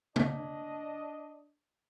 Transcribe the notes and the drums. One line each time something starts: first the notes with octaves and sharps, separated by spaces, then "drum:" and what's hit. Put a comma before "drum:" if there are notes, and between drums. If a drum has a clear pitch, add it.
D4 D#5, drum: tom